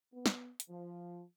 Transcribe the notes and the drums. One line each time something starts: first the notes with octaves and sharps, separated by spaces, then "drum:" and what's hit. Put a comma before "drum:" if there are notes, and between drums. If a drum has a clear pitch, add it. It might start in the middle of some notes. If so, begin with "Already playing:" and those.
B3
drum: snare
drum: hi-hat
F3